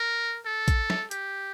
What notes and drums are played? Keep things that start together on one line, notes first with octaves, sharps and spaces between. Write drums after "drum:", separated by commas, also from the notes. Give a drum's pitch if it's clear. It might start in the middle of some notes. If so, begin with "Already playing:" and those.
Already playing: A#4
A4
drum: kick, hi-hat
drum: snare F#3
G4, drum: hi-hat